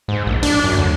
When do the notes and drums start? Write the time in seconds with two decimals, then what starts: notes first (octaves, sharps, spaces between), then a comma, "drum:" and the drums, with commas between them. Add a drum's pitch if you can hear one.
0.08 G#2
0.27 A#1
0.43 D4, drum: open hi-hat
0.64 F#2
0.77 D2